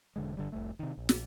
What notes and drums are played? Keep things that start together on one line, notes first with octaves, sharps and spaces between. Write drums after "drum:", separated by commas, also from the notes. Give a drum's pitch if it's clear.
E1 D3 G#3
G1 D3 G3
F1 C2 A3
C3 D#3
A#1
drum: snare